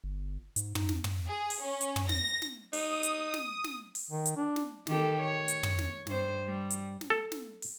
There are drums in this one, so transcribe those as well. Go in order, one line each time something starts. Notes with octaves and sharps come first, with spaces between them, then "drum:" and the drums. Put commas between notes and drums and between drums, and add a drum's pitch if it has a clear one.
G1
G#2, drum: hi-hat
D#4, drum: tom
drum: snare
drum: tom
G#4
drum: open hi-hat
C#4
drum: hi-hat
drum: tom
A#6, drum: snare
drum: snare
D#4 D#6, drum: open hi-hat
drum: hi-hat
drum: snare
drum: snare
drum: open hi-hat
D#3
drum: hi-hat
D4
drum: snare
D#3 G4 A4, drum: snare
C#5
drum: hi-hat
drum: tom
drum: snare
G2 C5, drum: snare
G3
drum: hi-hat
drum: snare
A4
drum: snare
drum: open hi-hat